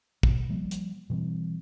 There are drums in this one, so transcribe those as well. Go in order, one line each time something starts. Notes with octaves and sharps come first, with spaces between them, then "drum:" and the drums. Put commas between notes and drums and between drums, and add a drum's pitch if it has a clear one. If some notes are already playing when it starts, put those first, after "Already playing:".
B2, drum: kick
F3 G3 A#3
drum: hi-hat
B2 E3 G3 C4